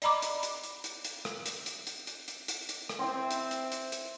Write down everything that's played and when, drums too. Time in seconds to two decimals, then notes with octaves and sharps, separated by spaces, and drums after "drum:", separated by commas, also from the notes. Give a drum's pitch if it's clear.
0.02 D5 D#5 A#5 B5 D6, drum: hi-hat
0.22 drum: hi-hat
0.43 drum: hi-hat
0.63 drum: hi-hat
0.84 drum: hi-hat
1.05 drum: hi-hat
1.25 drum: rim click
1.46 drum: hi-hat
1.66 drum: hi-hat
1.87 drum: hi-hat
2.07 drum: hi-hat
2.28 drum: hi-hat
2.48 drum: hi-hat
2.69 drum: hi-hat
2.89 drum: rim click
2.99 C4 E4 G5 C6
3.31 drum: hi-hat
3.51 drum: hi-hat
3.72 drum: hi-hat
3.92 drum: hi-hat